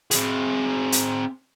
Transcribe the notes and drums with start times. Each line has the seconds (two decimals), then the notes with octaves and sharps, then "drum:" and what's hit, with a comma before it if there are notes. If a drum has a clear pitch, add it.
0.11 C4 G#4, drum: hi-hat
0.92 drum: hi-hat